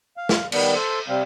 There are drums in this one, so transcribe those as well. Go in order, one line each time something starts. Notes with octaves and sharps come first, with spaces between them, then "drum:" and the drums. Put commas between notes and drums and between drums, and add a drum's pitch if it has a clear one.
F5
drum: snare
D#3 G3 B3, drum: cymbal
A4 C5
C3 G3 C4 F5